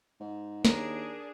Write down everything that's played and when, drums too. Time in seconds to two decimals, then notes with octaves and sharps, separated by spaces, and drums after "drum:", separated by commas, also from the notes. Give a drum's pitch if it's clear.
0.20 G#2
0.65 D#2 D4 G#4 A#4, drum: snare